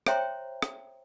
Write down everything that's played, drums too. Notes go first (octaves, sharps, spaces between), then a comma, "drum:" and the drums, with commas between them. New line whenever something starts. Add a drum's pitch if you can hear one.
C5 C#5 E5 G5 A#5 C6, drum: rim click
drum: rim click